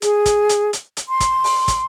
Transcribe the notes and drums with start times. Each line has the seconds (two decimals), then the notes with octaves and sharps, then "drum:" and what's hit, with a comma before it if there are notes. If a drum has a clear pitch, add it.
0.02 G#4, drum: hi-hat
0.26 drum: kick, hi-hat
0.49 drum: hi-hat
0.73 drum: hi-hat
0.97 drum: hi-hat
1.09 C6
1.20 drum: kick, hi-hat
1.44 drum: open hi-hat
1.68 drum: kick, hi-hat